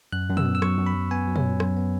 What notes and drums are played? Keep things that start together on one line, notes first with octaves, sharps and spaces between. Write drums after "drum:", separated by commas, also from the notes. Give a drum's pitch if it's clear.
F#2 F#6
F#2
E6, drum: tom A#2
B3
E6
F#3 C#6, drum: rim click
F#2
B5
F#2
B3 G#5
F#3
C#5, drum: tom A#2
F#2
F#2, drum: rim click
B3